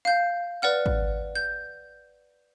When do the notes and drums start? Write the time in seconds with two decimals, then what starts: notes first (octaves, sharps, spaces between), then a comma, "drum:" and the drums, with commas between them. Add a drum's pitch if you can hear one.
0.05 F5 G6
0.62 B4 D5 F#5 F6
0.86 drum: kick
1.35 G6